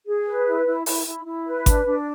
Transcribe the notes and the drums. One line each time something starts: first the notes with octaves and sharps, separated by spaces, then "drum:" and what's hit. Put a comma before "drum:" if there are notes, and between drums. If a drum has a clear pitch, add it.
G#4
B4
E4
E4
E4, drum: open hi-hat
E4
E4
B4
D4, drum: kick G#1, hi-hat
D4